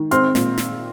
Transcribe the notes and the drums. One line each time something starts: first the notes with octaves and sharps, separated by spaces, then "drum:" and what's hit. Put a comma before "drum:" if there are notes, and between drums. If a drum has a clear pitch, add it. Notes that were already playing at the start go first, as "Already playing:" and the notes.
Already playing: D#3
C4 C6 F6, drum: hi-hat
A#2, drum: snare
drum: snare